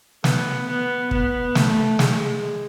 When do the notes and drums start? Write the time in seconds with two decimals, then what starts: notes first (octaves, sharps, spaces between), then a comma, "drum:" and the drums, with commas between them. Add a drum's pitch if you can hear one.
0.24 B3, drum: snare
0.67 B3
1.11 B3, drum: kick
1.55 A3, drum: snare
1.99 G#3, drum: snare